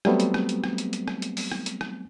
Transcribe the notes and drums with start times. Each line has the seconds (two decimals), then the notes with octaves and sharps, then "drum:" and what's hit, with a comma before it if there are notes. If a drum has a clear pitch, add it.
0.05 F#3 G3 A3 B3 C4, drum: rim click
0.20 drum: hi-hat
0.34 drum: rim click
0.49 drum: hi-hat
0.64 drum: rim click
0.78 drum: hi-hat
0.93 drum: hi-hat
1.08 drum: rim click
1.22 drum: hi-hat
1.37 drum: open hi-hat
1.52 drum: rim click
1.66 drum: hi-hat
1.81 drum: rim click